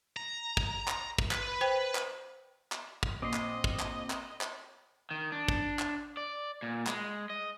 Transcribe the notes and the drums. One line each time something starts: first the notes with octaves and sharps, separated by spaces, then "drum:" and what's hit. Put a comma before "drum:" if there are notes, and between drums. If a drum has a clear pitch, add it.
A#5
drum: kick
drum: clap
drum: kick
B4, drum: clap
C5 G5
drum: clap
drum: clap
drum: kick
A#1 C4 D#5 C6 D6 D#6
drum: clap
drum: kick
drum: clap
drum: clap
drum: clap
D#3
D4
drum: kick
drum: clap
D5
A#2
G#3, drum: clap
D#5